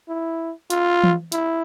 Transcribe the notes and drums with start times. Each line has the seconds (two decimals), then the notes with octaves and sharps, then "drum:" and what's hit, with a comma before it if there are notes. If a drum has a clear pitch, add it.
0.08 E4
0.70 F4, drum: hi-hat
1.04 drum: tom E3
1.32 E4, drum: hi-hat